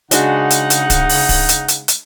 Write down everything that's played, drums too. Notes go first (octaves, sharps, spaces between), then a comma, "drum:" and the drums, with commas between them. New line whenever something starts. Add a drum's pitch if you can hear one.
C#3 G#3 D4 D#4 F#4 F#5, drum: hi-hat
drum: hi-hat
drum: hi-hat
drum: kick D1, hi-hat
drum: open hi-hat
drum: kick D1, open hi-hat
drum: hi-hat
drum: hi-hat
drum: hi-hat